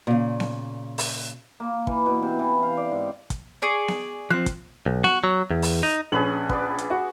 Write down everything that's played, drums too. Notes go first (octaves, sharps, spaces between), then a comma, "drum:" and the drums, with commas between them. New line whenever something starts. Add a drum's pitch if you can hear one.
A#2 C#3
drum: snare B3
drum: open hi-hat
A#3
E3, drum: kick
B2
C3
E3
F5
D5
G#2
drum: kick, hi-hat
G#4 D5 C#6
drum: snare B3
F3 C4 F#6
drum: kick, hi-hat
B1
F#4, drum: snare B3
F#3
E2
drum: open hi-hat
D#4
A#1 C#4 G#4 B4 C#5 F#7
B3 B4 D5, drum: kick
drum: hi-hat
F#4